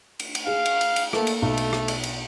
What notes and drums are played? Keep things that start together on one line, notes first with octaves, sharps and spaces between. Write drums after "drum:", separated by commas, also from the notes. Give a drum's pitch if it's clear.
drum: cymbal
drum: cymbal
G#4 F5
drum: cymbal
drum: cymbal
drum: cymbal
A3 A#3 A4, drum: rim click
drum: cymbal
B1 A3
drum: cymbal
drum: rim click
drum: cymbal
drum: cymbal